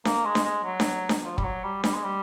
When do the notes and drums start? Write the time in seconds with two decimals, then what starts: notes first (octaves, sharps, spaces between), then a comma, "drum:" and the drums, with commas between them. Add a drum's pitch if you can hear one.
0.05 A#3, drum: snare D4
0.26 G#3
0.35 drum: snare D4
0.45 G#3
0.64 F#3
0.80 drum: snare D4
1.09 drum: snare D4
1.24 F3
1.38 G3, drum: kick
1.44 F#3
1.64 G3
1.84 G3, drum: snare D4
1.94 G#3
2.05 G3